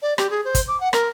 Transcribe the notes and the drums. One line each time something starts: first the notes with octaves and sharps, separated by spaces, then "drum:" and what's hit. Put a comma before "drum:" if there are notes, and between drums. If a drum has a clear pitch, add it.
D5
G4, drum: rim click
G#4
C5
drum: kick, hi-hat
D6
F#5
A#4, drum: rim click